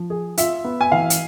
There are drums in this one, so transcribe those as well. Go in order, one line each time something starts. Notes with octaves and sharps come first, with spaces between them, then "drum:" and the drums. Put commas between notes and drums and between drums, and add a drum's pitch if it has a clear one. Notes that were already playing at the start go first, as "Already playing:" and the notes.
Already playing: F3
G#4
F4 E5, drum: hi-hat
B3
G#5
E3 F5
drum: hi-hat